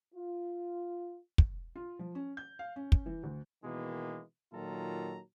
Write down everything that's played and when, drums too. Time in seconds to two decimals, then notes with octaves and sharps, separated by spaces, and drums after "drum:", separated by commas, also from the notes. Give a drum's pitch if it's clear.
0.14 F4
1.38 drum: kick
1.76 F4
1.99 F3
2.15 C#4
2.37 G6
2.59 F5
2.76 C#4
2.92 drum: kick
3.06 E3
3.23 D2
3.64 B2 D#3 E3 G#3 A#3 B3
4.53 A#2 D#3 F#3 F4 A4 A#5